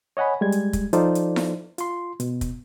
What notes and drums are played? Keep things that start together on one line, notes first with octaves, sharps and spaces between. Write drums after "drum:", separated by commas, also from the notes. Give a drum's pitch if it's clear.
C#5 D#5 F#5 G#5 B5
G3 G#3 G#6
drum: hi-hat
drum: kick, hi-hat
F3 D#4 F4 A4 C5 D5, drum: hi-hat
drum: hi-hat
drum: snare E4
F4 C6, drum: hi-hat
B2, drum: hi-hat
drum: kick, hi-hat